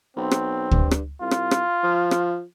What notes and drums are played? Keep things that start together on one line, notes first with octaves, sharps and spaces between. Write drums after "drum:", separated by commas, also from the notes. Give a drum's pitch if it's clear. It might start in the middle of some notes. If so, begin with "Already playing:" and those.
B1 C4
drum: rim click
G2, drum: kick
drum: rim click
C2 F4
drum: rim click
drum: rim click
F3
drum: rim click